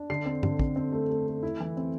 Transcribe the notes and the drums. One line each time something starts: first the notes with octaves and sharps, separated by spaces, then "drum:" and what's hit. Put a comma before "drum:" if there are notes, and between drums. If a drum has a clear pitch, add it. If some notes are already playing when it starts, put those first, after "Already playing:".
Already playing: D4
D3 C7
C4
D3, drum: tom G2
C4, drum: kick
C4
A3
A3
A3
E4
E3
C4